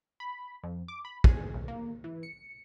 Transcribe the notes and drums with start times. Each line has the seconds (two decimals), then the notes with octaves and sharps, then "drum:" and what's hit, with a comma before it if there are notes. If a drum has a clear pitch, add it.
0.20 B5
0.63 F2
0.88 D6
1.05 B5
1.24 G#4, drum: kick
1.54 B1
1.68 A#3
2.04 E3
2.23 C#7